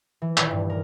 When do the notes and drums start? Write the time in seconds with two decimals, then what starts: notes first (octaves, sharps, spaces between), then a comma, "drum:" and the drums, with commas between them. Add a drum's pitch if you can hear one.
0.22 E3
0.37 D#1, drum: clap
0.51 G2
0.70 A#4